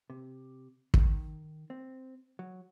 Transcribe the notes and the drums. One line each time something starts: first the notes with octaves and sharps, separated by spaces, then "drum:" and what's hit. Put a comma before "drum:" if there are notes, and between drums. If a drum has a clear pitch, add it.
C3
D#3, drum: kick
C4
F#3